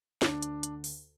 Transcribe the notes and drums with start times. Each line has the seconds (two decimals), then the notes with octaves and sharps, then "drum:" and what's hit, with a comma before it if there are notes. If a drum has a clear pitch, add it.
0.22 D2 D3 D4, drum: snare
0.42 drum: hi-hat
0.63 drum: hi-hat
0.84 drum: open hi-hat